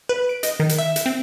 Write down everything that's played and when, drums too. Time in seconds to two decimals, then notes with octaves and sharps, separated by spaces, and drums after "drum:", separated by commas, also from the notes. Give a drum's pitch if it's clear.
0.09 B4
0.29 D7
0.43 D#5, drum: hi-hat
0.60 D#3
0.69 drum: hi-hat
0.78 E5
0.96 drum: hi-hat
1.06 C4